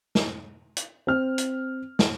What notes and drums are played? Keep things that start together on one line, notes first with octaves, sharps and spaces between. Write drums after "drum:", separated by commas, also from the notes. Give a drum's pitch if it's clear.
drum: snare
drum: hi-hat
C4 F6
drum: hi-hat
drum: snare